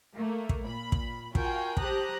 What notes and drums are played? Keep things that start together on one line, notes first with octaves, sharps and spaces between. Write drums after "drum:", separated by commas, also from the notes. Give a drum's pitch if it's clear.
A3 A#3
drum: kick
A#2 B5
drum: kick
F4 F#4 A#4 G5 G#5, drum: kick
G4 C5 A5 A#5 D#6 F#6, drum: kick